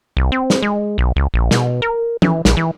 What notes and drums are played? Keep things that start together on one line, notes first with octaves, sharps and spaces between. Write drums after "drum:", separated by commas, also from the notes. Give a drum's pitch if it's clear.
C2
C4
drum: snare
G#3
B1
C#2
A#1
B2, drum: snare
A#4
E3, drum: tom
A#1, drum: snare
E3